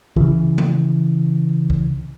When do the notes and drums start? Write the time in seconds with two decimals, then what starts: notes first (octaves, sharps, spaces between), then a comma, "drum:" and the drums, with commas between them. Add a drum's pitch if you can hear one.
0.16 C#3 E3, drum: kick C2
0.58 drum: tom D#3
1.70 drum: kick C2